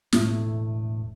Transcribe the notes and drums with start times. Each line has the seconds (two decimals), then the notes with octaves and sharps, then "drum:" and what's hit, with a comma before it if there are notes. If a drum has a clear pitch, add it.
0.12 E1 A2 A3, drum: snare